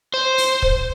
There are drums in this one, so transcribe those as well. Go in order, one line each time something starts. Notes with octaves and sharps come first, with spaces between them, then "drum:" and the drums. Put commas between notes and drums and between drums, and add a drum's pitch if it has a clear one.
C5
drum: open hi-hat
drum: kick